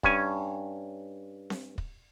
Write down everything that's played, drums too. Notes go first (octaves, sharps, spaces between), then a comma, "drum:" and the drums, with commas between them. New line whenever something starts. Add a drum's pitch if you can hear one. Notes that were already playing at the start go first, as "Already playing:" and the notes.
G2 C#4 G#5, drum: kick
drum: snare C4
drum: kick